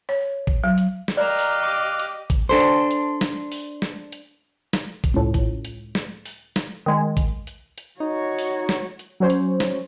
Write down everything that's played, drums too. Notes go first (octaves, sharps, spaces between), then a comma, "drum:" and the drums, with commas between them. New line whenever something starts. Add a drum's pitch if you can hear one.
C#5
drum: kick A1
F#3
drum: hi-hat
drum: snare
G4 A#4 D5 D#5 F5 A#5 F6 F#6
drum: open hi-hat
D6
drum: hi-hat
drum: kick A1, hi-hat
D4 A4 C5
drum: hi-hat
drum: hi-hat
drum: snare
drum: open hi-hat
drum: snare
drum: hi-hat
drum: snare
drum: kick A1, hi-hat
C#2 A2
drum: kick A1, hi-hat
drum: hi-hat
drum: snare
drum: open hi-hat
drum: snare
D#3 G#3
drum: kick A1, hi-hat
drum: hi-hat
drum: hi-hat
D#4 F#4 C#5
drum: open hi-hat
drum: snare
drum: hi-hat
F#3 C#4 C5 C#5
drum: hi-hat
drum: snare